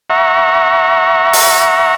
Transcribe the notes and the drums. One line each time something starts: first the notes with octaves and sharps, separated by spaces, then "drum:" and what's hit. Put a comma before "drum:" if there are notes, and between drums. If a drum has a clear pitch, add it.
E5 F#5 A#5 C#6
drum: open hi-hat